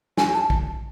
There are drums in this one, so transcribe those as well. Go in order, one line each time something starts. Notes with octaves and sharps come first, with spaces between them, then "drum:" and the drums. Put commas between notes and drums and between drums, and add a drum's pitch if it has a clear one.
G#5, drum: snare
A5
drum: kick